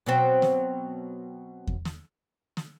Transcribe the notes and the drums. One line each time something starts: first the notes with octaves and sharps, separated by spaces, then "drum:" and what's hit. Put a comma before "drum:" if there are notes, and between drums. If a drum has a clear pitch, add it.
B2 F#3 C4
drum: snare
drum: kick E2
drum: snare
drum: snare